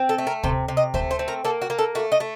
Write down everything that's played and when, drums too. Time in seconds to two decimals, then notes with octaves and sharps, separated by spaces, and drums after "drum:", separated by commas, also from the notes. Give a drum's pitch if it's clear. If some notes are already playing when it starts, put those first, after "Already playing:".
Already playing: C4
0.09 A4
0.18 A3
0.27 A#4
0.43 C3 C5, drum: kick
0.68 C3
0.77 D#5
0.94 A3 C5, drum: kick
1.11 C5
1.19 C4
1.28 A#4
1.44 A#3 A4
1.62 F#4
1.70 A#3
1.78 A4
1.95 A3 F#4
2.12 D#5
2.20 A3